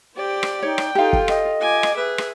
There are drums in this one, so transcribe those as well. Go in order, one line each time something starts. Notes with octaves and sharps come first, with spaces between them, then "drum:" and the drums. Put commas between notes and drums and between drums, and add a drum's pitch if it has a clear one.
G4 C5 D5
drum: rim click
D#4 C#5 G5
drum: rim click
D#4 F4 G4 A4 F5
drum: kick
D#5, drum: rim click
F4 G#5 D6
drum: rim click
G#4 B4 E5
drum: rim click